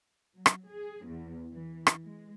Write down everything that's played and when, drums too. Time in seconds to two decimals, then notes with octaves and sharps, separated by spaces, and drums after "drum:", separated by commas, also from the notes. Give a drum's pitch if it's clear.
0.34 F#3
0.46 drum: rim click
0.68 G#4
1.05 E2
1.51 E3
1.87 drum: rim click
2.03 G#3